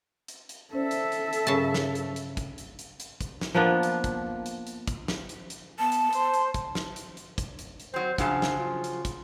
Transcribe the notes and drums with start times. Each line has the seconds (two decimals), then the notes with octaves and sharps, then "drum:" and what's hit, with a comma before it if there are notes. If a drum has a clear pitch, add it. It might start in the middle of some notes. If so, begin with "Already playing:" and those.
0.28 drum: hi-hat
0.49 drum: hi-hat
0.73 C#4 A4 C5 D5 E5
0.91 drum: hi-hat
1.12 drum: hi-hat
1.33 drum: hi-hat
1.47 G2 C#3 F#3 A#4 A5
1.74 drum: snare
1.95 drum: hi-hat
2.16 drum: hi-hat
2.37 drum: kick, hi-hat
2.58 drum: hi-hat
2.79 drum: hi-hat
3.00 drum: hi-hat
3.21 drum: kick, hi-hat
3.41 drum: snare
3.54 F3 A#3 B3 D4
3.83 drum: hi-hat
4.04 drum: kick, hi-hat
4.46 drum: hi-hat
4.67 drum: hi-hat
4.87 drum: kick, hi-hat
5.08 drum: snare
5.29 drum: hi-hat
5.50 drum: hi-hat
5.79 B3 A5
5.92 drum: hi-hat
6.13 C5, drum: hi-hat
6.34 drum: hi-hat
6.54 drum: kick, hi-hat
6.75 drum: snare
6.96 drum: hi-hat
7.17 drum: hi-hat
7.38 drum: kick, hi-hat
7.59 drum: hi-hat
7.80 drum: hi-hat
7.94 F#3 C4 C5
8.18 C#3 F3 F#3 D4, drum: kick, hi-hat
8.42 drum: snare
8.59 F4
8.84 drum: hi-hat
9.05 drum: kick, hi-hat